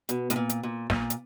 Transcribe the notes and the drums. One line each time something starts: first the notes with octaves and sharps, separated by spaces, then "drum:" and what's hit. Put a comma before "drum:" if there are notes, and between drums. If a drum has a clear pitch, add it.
B2, drum: hi-hat
A2, drum: hi-hat
A#2
drum: hi-hat
A#2
A#2, drum: snare
drum: hi-hat